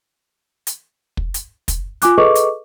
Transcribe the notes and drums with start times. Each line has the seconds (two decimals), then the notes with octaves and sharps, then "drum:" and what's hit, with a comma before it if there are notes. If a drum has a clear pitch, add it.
0.67 drum: hi-hat
1.17 drum: kick
1.34 drum: hi-hat
1.68 drum: kick, hi-hat
2.02 F4 G#5 D6 F#6, drum: hi-hat
2.18 G#4 A4 B4 D#5 C#6 D6
2.35 drum: hi-hat